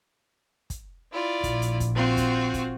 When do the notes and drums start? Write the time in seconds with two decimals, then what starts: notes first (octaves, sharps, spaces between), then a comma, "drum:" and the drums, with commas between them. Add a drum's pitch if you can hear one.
0.70 drum: kick, hi-hat
1.11 E4 F4 D5
1.43 A#1, drum: kick, hi-hat
1.62 drum: hi-hat
1.80 drum: kick, hi-hat
1.94 C4 F4 F#4
2.17 drum: kick, hi-hat
2.54 drum: kick, hi-hat